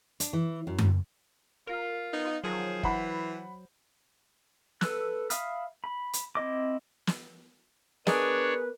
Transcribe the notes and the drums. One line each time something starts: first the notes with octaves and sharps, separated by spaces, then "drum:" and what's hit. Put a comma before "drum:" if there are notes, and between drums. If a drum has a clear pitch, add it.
D4, drum: hi-hat
E3
F#2
drum: tom F#2
F4 A#4
B3 D#4
D#3 F3 F#3 G#4 C5
E3 F#5 B5, drum: kick
A4 B4 E6 F#6, drum: snare
E5 F5 B5 D#6 F6, drum: hi-hat
B5
drum: hi-hat
C4 E4 D#5 D6
drum: snare
B3 D4 G#4 A#4 B4 C#5 D#5, drum: snare